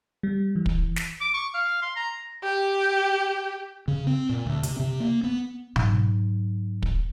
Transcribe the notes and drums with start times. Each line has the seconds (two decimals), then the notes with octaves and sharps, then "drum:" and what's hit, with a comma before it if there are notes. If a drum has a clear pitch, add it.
0.23 G3
0.56 E3
0.66 drum: kick
0.96 drum: snare
1.21 D6
1.34 C#6
1.54 F5
1.82 C6
1.96 A#5
2.44 G4
3.88 C#3
4.07 C4
4.29 A#2
4.46 D2
4.63 C3, drum: hi-hat
4.80 C3
5.00 A#3
5.24 B3
5.76 G#2 F#3, drum: tom B2
6.83 drum: kick